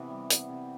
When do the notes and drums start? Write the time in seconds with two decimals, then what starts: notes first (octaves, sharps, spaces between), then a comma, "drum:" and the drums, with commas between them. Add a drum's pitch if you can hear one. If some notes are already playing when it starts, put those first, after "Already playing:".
Already playing: C3 E3 B3
0.10 G3
0.30 B3, drum: hi-hat
0.49 C3